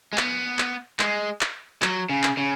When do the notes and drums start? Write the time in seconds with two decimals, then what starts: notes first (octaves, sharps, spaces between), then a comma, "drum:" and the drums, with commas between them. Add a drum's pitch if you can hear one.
0.13 G#3
0.18 B3, drum: clap
0.59 drum: clap
0.99 G#3, drum: clap
1.41 drum: clap
1.82 F#3, drum: clap
2.09 C#3
2.23 drum: clap
2.37 C#3